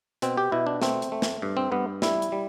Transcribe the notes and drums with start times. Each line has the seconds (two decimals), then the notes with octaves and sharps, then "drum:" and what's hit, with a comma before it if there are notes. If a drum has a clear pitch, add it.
0.22 B2 C4, drum: hi-hat
0.37 G4
0.52 B2 E4
0.67 D4
0.82 A3 C4, drum: snare
1.02 drum: hi-hat
1.12 A3
1.22 drum: snare
1.42 G2
1.57 C4
1.72 G2 B3
2.02 G3 E4, drum: snare
2.22 drum: hi-hat
2.32 G3